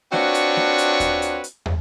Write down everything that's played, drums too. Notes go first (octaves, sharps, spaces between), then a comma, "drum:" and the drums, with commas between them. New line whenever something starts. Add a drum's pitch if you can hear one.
C4 D4 F4 F#4 B4 C#5, drum: snare A#3
drum: hi-hat
drum: snare A#3
drum: hi-hat
drum: kick D#2, hi-hat
drum: hi-hat
drum: hi-hat
drum: tom